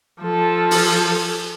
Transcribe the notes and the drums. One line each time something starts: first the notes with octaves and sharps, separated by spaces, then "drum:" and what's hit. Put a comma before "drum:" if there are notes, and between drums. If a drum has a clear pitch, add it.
F3 A4
drum: open hi-hat